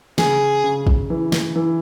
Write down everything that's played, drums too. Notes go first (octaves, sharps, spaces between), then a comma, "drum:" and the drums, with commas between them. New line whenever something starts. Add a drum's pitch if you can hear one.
C#3 G#4, drum: snare
C#3
drum: kick
E3
drum: snare
E3